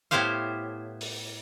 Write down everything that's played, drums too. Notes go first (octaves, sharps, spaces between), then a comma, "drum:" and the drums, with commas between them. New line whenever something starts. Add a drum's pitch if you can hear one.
A2 B3 E4 G4 C5 F5
drum: open hi-hat